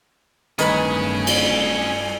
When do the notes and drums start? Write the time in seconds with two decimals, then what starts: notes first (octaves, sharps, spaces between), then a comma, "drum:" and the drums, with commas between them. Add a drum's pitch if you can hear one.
0.59 D1 G2 D#3 C#4 G#4 B4 G#5, drum: hi-hat
1.27 drum: cymbal